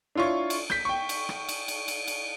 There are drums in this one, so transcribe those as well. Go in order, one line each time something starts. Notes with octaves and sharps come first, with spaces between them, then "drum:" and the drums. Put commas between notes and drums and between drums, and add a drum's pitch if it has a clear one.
D4 E4 F4 C#5 C#6
drum: cymbal
G6 B6, drum: rim click
G5 C#6
drum: cymbal
drum: rim click
drum: cymbal
drum: cymbal
drum: cymbal
drum: cymbal